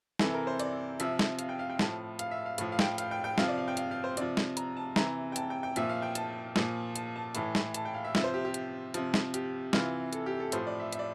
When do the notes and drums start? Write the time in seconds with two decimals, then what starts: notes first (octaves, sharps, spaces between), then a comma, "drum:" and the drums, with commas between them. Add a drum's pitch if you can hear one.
0.19 C3 E3 A4, drum: snare
0.34 A#4
0.47 C5
0.59 D5, drum: hi-hat
1.00 C3 F3 E5, drum: hi-hat
1.19 drum: snare
1.39 F5, drum: hi-hat
1.49 G5
1.59 F5
1.70 G5
1.79 A2 F3 A5, drum: snare
2.19 F5, drum: hi-hat
2.31 E5
2.46 F5
2.58 A2 F3, drum: hi-hat
2.72 F5
2.79 G5, drum: snare
2.98 F5, drum: hi-hat
3.11 G5
3.24 G5
3.38 C3 F3 F5, drum: snare
3.48 D5
3.58 F5
3.68 G5
3.77 F5, drum: hi-hat
3.91 F5
4.04 C5
4.17 C3 F3 D5, drum: hi-hat
4.37 drum: snare
4.57 A#5, drum: hi-hat
4.77 A5
4.96 C3 E3 A#5, drum: snare
5.32 G5
5.36 A5, drum: hi-hat
5.50 G5
5.63 G5
5.76 A#2 F3 E5, drum: hi-hat
5.89 F5
6.02 G5
6.15 A5, drum: hi-hat
6.56 A#2 F3, drum: snare
6.96 A5, drum: hi-hat
7.16 A5
7.35 A2 E3 A5, drum: hi-hat
7.55 drum: snare
7.74 A5, drum: hi-hat
7.85 G5
7.94 F5
8.04 E5
8.15 C3 F3 E5, drum: snare
8.24 C5
8.34 G4
8.45 G4
8.54 drum: hi-hat
8.94 C3 F3, drum: hi-hat
9.14 drum: snare
9.34 G4, drum: hi-hat
9.73 C3 E3 F4, drum: snare
10.13 A4, drum: hi-hat
10.26 G4
10.40 A4
10.52 A2 F3 C5, drum: hi-hat
10.67 D5
10.80 E5
10.93 E5, drum: hi-hat
10.99 D5